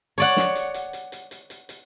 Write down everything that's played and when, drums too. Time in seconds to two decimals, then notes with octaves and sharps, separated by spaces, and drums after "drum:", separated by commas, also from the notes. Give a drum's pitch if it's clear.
0.18 C#5 D5 F#5, drum: hi-hat
0.37 drum: snare
0.55 drum: hi-hat
0.74 drum: hi-hat
0.93 drum: hi-hat
1.12 drum: hi-hat
1.31 drum: hi-hat
1.50 drum: hi-hat
1.69 drum: hi-hat